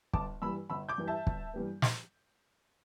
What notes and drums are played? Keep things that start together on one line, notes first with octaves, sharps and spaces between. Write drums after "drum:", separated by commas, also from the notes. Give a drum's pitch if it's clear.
G1 A5 D6, drum: kick
G2 E3 G3 B5 E6
G1 B5 E6
D6 G6
G2 E3 G3
E5 A5
G1, drum: kick
G2 E3 G3 B3
drum: snare